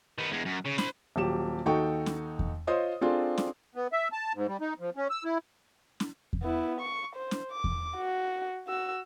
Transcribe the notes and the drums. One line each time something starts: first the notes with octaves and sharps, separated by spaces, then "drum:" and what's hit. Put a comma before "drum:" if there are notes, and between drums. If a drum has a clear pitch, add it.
D#3 B3
E2 G#3
F#2
C#3
C5 B5, drum: snare
D#1 F#3 G4 E7
D#2 D#4 F#4 A4 G5 C#6
drum: snare
drum: kick E2
F4 C5 C#5 D#5 D#6
C4 D4 F4 G#4 A4
drum: snare
B3
E5
A5
G#2
G3
D#4
F3
C#4
E6
E4
drum: snare
drum: kick E2
B3 E4
C#6
C5
drum: snare
D6
drum: kick E2
F#4
F#4 E6